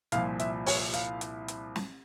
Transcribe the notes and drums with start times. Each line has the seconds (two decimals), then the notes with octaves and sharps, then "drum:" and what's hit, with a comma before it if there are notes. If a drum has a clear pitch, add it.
0.12 C2 A#2 F3 F5, drum: hi-hat
0.40 E5, drum: hi-hat
0.66 C#5, drum: open hi-hat
0.94 F5, drum: hi-hat
1.21 drum: hi-hat
1.48 drum: hi-hat
1.76 drum: snare